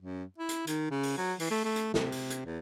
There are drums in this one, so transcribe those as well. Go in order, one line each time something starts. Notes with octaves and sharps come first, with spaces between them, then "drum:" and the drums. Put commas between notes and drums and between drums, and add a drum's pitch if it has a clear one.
F#2
E4
drum: hi-hat
D#3, drum: hi-hat
C#3
drum: open hi-hat
F#3
E3, drum: open hi-hat
A3
A3
drum: hi-hat
C3, drum: snare
drum: open hi-hat
drum: hi-hat
E2